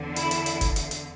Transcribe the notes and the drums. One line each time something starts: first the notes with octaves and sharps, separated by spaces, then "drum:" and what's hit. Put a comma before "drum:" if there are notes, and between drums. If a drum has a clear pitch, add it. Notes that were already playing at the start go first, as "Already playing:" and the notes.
Already playing: E2 D3
E4, drum: hi-hat
drum: hi-hat
drum: hi-hat
drum: kick F#1, hi-hat
drum: hi-hat
drum: hi-hat